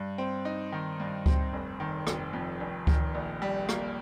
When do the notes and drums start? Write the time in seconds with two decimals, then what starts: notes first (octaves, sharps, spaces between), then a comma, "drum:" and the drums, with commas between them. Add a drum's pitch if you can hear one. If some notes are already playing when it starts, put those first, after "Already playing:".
Already playing: G2
0.18 C4
0.45 D#4
0.72 D#3
1.00 G2
1.26 C4, drum: kick C#2
1.53 F1
1.80 D#3
2.07 F1, drum: rim click
2.33 F2
2.60 F1
2.87 D#3, drum: kick C#2
3.15 A#1
3.42 G3
3.69 A#3, drum: rim click